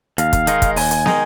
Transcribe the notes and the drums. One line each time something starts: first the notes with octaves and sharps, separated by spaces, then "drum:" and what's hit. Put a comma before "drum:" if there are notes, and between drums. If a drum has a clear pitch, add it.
D#2 F5, drum: hi-hat
drum: kick, hi-hat
D#3 G#3 D#4, drum: hi-hat
drum: kick, hi-hat
D#2 G#5, drum: open hi-hat
drum: hi-hat
D#3 G#3 D#4, drum: snare